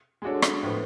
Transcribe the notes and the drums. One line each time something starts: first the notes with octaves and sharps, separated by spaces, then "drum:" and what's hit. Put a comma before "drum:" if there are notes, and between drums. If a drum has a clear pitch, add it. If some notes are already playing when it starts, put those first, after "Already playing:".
G#3 D4 F#4 A4 C#5
drum: rim click
A2 F3 B3